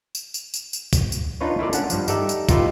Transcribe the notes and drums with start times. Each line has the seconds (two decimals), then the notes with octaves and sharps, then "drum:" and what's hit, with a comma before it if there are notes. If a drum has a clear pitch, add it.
0.15 drum: tambourine
0.34 drum: tambourine
0.54 drum: tambourine
0.73 drum: tambourine
0.93 drum: kick, tambourine
1.12 drum: tambourine
1.41 D4 D#4 F4 B4 C#5
1.59 E4 F4 A4 A#4 D5
1.73 C#4 D4 F#5, drum: tambourine
1.90 G2 F3, drum: tambourine
2.08 D#4 G4 A4 D5 E5, drum: tambourine
2.29 drum: tambourine
2.49 D#4 F4 G4 B4 E5, drum: kick, tambourine